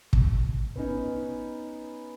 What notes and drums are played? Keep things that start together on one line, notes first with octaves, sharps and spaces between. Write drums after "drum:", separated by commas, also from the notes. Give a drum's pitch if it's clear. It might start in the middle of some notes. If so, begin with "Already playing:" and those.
drum: kick
B3 C#4 D#4